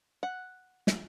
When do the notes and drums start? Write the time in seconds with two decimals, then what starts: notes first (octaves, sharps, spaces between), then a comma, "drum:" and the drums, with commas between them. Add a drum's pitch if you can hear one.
0.23 F#5
0.87 drum: snare